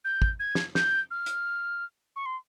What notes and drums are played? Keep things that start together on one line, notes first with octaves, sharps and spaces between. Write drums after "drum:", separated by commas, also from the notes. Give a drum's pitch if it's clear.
G6
drum: kick
G#6
drum: snare
G6, drum: snare
F6
drum: hi-hat
C#6
C6